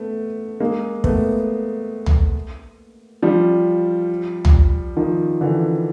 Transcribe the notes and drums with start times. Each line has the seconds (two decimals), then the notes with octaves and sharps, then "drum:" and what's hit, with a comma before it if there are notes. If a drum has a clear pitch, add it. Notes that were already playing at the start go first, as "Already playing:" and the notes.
Already playing: A3 B3
0.60 G#3 A#3
1.04 A3 B3, drum: kick
2.06 drum: tom
3.22 F3 G3
4.45 drum: tom
4.97 D#3 F3
5.41 D3 E3